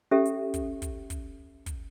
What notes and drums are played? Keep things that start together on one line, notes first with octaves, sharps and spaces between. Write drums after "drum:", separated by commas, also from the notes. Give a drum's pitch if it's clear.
C#4 G4 A4 E5
drum: hi-hat
drum: kick, hi-hat
drum: kick, hi-hat
drum: kick, hi-hat
drum: kick, hi-hat